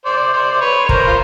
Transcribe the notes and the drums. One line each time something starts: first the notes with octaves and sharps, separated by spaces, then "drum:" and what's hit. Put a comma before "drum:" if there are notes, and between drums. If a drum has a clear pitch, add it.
C5 D5
C5 D5
C5
B4 C#5
C#5
A#4 C5, drum: kick
F4